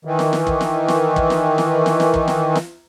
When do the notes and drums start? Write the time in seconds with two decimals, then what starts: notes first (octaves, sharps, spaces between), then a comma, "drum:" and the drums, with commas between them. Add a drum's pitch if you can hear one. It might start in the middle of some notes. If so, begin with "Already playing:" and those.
0.05 D#3 E3
0.19 drum: snare
0.33 drum: snare
0.47 drum: kick
0.61 drum: snare
0.88 drum: snare
1.16 drum: kick
1.30 drum: snare
1.58 drum: snare
1.86 drum: snare
2.00 drum: snare
2.14 drum: kick
2.28 drum: snare
2.55 drum: snare